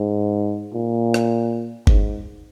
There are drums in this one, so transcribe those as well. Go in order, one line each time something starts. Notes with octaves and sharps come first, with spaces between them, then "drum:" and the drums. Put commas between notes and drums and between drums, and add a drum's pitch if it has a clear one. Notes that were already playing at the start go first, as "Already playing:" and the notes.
Already playing: G#2
A#2
drum: rim click
G#2, drum: kick G1